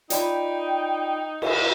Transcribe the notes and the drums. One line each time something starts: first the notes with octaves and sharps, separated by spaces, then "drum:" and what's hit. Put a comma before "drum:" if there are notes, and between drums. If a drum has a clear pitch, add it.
D#4 F4 D5 G5 B5, drum: hi-hat
drum: cymbal